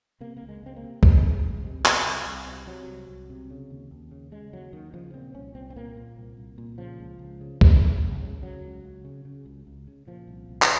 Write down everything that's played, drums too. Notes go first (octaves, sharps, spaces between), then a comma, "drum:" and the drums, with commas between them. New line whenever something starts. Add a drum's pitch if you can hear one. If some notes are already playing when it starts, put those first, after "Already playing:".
C3 A#3
A#3
C#2
G#3
C#2 C4
A#3
C3
C3 G#3, drum: kick C#2
C#2
C#2
C3
C3, drum: clap
C2
C2
C3
C3 F#3
C2
C2
C3
C#3
D#2
D#2
C#3
C#3 G#3
D#2 F#3
D#2 D#3
C#3 F3
A#2 C4
C2 C#4
C2 C4
C4
A#2 A#3
A#2
C2
C2
A#2
C#3 F3
C#2
C#2
C#3
C#3, drum: kick C#2
C#2
C#2
C#3
C#3 F#3
C#2
C#2
C#3
C#3
C#2
C#2
C#3
A#2 F3
C2
C2
drum: clap